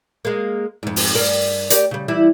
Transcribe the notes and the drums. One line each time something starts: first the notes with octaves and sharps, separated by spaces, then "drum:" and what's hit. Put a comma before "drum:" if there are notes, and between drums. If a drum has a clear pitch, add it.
G#3 A#3
F2 G#2
drum: open hi-hat
G2 G3 A#4
G4 A#4 D5, drum: hi-hat
C#3 G3
E3 G3 E4